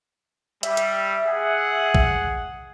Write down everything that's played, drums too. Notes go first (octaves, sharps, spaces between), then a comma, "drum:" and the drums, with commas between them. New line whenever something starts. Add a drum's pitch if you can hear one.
G3 E5, drum: hi-hat
drum: hi-hat
G#4 F#5
drum: kick